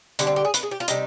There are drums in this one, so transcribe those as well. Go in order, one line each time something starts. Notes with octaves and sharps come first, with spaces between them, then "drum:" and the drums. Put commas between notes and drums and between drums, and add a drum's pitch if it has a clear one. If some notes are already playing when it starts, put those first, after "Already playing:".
D3 G3 D4, drum: hi-hat
C4
G4
G#4
B4, drum: hi-hat
G#4
G4
F4
C3 G3 D#4, drum: hi-hat